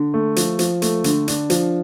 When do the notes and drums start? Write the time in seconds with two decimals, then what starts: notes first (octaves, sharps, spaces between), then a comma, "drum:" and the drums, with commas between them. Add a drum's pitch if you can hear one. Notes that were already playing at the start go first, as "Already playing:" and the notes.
Already playing: D3
0.14 A3
0.36 F3, drum: hi-hat
0.59 F3, drum: hi-hat
0.82 A3, drum: hi-hat
1.04 D3, drum: hi-hat
1.28 D4, drum: hi-hat
1.50 F3, drum: hi-hat